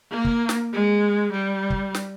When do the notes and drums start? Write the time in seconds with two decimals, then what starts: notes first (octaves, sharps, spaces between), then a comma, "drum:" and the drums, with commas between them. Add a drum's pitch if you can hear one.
0.11 A#3
0.25 drum: kick
0.49 drum: snare
0.73 G#3
1.32 G3
1.70 drum: kick
1.95 drum: snare